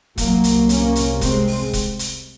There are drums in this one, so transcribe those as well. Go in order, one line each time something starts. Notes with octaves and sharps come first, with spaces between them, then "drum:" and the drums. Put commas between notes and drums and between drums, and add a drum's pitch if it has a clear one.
C2 C3 F#3 A#3, drum: kick, hi-hat
drum: hi-hat
A#3 C#4, drum: hi-hat
drum: hi-hat
G#3 C4, drum: kick, hi-hat
drum: open hi-hat
drum: kick, hi-hat
drum: hi-hat